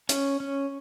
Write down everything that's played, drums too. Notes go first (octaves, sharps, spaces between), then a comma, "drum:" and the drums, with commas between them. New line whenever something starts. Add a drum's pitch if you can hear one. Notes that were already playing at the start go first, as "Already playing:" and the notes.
C#4, drum: hi-hat
C#4